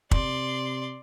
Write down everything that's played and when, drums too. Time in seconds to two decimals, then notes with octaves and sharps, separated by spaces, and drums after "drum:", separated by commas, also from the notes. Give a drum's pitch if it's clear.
0.11 C3 D5 C6, drum: kick